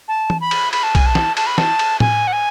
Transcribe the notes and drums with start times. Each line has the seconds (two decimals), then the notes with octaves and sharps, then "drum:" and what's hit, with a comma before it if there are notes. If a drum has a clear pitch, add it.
0.08 A5
0.30 drum: tom
0.41 B5
0.51 drum: cymbal
0.73 B5, drum: cymbal
0.83 A5
0.95 G#5, drum: kick B1, cymbal
1.06 A5
1.15 drum: snare
1.37 A5, drum: cymbal
1.47 B5
1.58 A5, drum: snare
1.79 drum: cymbal
2.00 G#5, drum: tom A2
2.27 F#5
2.33 G#5